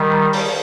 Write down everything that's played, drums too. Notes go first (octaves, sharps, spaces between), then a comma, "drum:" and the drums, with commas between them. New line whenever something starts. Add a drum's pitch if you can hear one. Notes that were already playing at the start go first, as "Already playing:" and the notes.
Already playing: D#3 G3
drum: open hi-hat